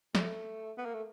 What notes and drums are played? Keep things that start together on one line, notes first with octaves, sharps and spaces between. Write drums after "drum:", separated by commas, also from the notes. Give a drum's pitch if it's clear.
G#3, drum: snare
A3
B3
A#3
A3